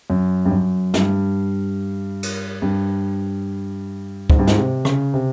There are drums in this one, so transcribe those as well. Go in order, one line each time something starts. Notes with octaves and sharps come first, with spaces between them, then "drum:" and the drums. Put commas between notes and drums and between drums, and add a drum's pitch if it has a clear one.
F#2
G2
F#2
G2, drum: snare
drum: cymbal
G2
G#2, drum: kick C#2
G2
G#2, drum: snare
C3
C#3, drum: rim click
C3